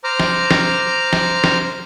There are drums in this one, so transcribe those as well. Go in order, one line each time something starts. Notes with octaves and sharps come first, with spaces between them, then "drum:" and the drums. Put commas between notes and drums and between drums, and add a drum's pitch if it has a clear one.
C5 A#5 D6 F6
drum: snare
drum: snare
drum: snare
drum: snare